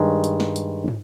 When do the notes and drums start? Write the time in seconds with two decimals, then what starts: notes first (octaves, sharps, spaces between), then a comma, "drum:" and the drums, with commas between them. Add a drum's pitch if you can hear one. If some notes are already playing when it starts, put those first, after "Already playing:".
Already playing: G2 D#3 G#3
0.24 drum: hi-hat
0.40 drum: snare
0.56 drum: hi-hat
0.88 drum: tom